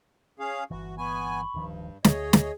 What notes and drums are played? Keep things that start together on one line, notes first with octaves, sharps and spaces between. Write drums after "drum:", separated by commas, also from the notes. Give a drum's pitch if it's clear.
C#4 G#4 F5
G1 E3 F#4
B3 G#5 B5 C#6
D1 G2 D#3 F3
D2 G#4 C#5 D#5, drum: snare
drum: snare